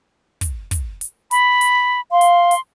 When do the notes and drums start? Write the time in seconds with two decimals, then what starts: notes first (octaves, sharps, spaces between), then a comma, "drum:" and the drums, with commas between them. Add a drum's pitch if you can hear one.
0.41 drum: kick, hi-hat
0.71 drum: kick, hi-hat
1.01 drum: hi-hat
1.31 B5, drum: hi-hat
1.61 drum: hi-hat
2.12 F5 C6
2.21 drum: hi-hat
2.51 drum: hi-hat